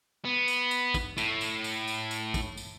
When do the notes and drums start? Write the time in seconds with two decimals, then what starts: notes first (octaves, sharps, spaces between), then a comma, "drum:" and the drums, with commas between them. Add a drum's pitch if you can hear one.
0.25 B3
0.48 drum: tambourine
0.71 drum: tambourine
0.94 drum: kick, tambourine
1.18 A2, drum: tambourine
1.41 drum: tambourine
1.64 drum: tambourine
1.88 drum: tambourine
2.11 drum: tambourine
2.34 drum: kick, tambourine
2.57 drum: tambourine